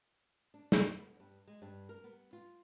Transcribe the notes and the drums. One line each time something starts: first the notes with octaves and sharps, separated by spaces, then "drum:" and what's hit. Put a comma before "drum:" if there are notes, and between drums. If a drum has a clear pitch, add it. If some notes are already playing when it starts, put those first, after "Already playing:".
D4
A#3, drum: snare
B3
G2
G#3
G2
A#4
B3
F4